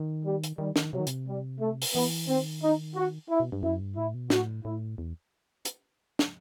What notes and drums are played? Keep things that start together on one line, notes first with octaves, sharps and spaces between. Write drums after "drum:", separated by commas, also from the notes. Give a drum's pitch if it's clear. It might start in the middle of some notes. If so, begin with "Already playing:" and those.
Already playing: D#3
G3
drum: hi-hat
D#3 G3
D#3, drum: snare
C3 F#3
D#3
C3, drum: hi-hat
G3
A3
drum: open hi-hat
E3 B3
D#3 C4
D#4
F#4
E4
B2
G2
F#2 E4
G2
A2 E4
B2
A2 F#4, drum: snare
A2 E4
E2
drum: hi-hat
drum: snare